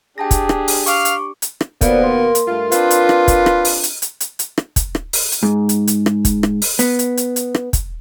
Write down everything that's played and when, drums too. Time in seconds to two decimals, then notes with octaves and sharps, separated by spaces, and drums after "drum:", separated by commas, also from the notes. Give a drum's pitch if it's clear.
0.18 D4 G4 G#4 G5 A5 A#6
0.31 drum: kick, hi-hat
0.49 drum: rim click
0.68 drum: open hi-hat
0.86 F5 C#6 D6, drum: hi-hat
1.05 drum: hi-hat
1.42 drum: hi-hat
1.61 drum: rim click
1.81 D#2 B2 A#3 B3 C5 D5, drum: kick, hi-hat
2.01 A#4 C6
2.35 drum: hi-hat
2.48 G2 A3 F4
2.72 C4 D4 F4 B4, drum: hi-hat
2.91 drum: hi-hat
3.09 drum: rim click
3.28 drum: kick, hi-hat
3.46 drum: rim click
3.65 drum: open hi-hat
3.83 drum: hi-hat
4.02 drum: hi-hat
4.20 drum: hi-hat
4.39 drum: hi-hat
4.58 drum: rim click
4.76 drum: kick, hi-hat
4.95 drum: rim click
5.13 drum: open hi-hat
5.32 drum: hi-hat
5.43 G#2
5.69 drum: hi-hat
5.88 drum: hi-hat
6.06 drum: rim click
6.25 drum: kick, hi-hat
6.43 drum: rim click
6.62 drum: open hi-hat
6.79 B3, drum: hi-hat
6.99 drum: hi-hat
7.17 drum: hi-hat
7.36 drum: hi-hat
7.55 drum: rim click
7.73 drum: kick, hi-hat